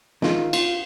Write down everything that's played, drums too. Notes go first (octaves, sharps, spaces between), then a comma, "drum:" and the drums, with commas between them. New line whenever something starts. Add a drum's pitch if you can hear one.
D#3 F4, drum: snare
F4, drum: cymbal